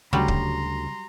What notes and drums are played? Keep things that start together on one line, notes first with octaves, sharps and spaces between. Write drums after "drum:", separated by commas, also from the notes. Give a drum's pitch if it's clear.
D2 C#3 F#3 G3 A#5 C6
drum: kick C#1